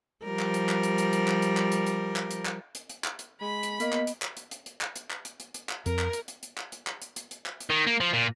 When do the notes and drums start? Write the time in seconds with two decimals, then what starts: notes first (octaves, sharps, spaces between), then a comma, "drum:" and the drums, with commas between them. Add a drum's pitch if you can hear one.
0.25 F3 G3 A#4
0.39 drum: clap
0.54 drum: hi-hat
0.69 drum: clap
0.83 drum: hi-hat
0.98 drum: hi-hat
1.13 drum: hi-hat
1.28 drum: clap
1.42 drum: hi-hat
1.57 drum: clap
1.72 drum: hi-hat
1.86 drum: hi-hat
2.16 drum: clap
2.31 drum: hi-hat
2.45 drum: clap
2.75 drum: hi-hat
2.89 drum: hi-hat
3.04 drum: clap
3.19 drum: hi-hat
3.41 G#3 B5
3.63 drum: hi-hat
3.80 A#3 B3 D#5, drum: hi-hat
3.93 drum: clap
4.07 drum: hi-hat
4.22 drum: clap
4.37 drum: hi-hat
4.51 drum: hi-hat
4.66 drum: hi-hat
4.81 drum: clap
4.96 drum: hi-hat
5.10 drum: clap
5.25 drum: hi-hat
5.40 drum: hi-hat
5.54 drum: hi-hat
5.69 drum: clap
5.86 F2 C4 A#4, drum: hi-hat
5.99 drum: clap
6.13 drum: hi-hat
6.28 drum: hi-hat
6.43 drum: hi-hat
6.57 drum: clap
6.72 drum: hi-hat
6.87 drum: clap
7.02 drum: hi-hat
7.16 drum: hi-hat
7.31 drum: hi-hat
7.46 drum: clap
7.60 drum: hi-hat
7.70 D#3
7.86 A#3
8.00 F3
8.13 A#2